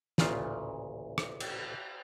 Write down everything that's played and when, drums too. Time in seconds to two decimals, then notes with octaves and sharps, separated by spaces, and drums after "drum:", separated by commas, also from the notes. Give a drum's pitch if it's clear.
0.18 A1 D2 A#2 C#3 F4 F5, drum: snare
1.18 drum: rim click
1.40 drum: cymbal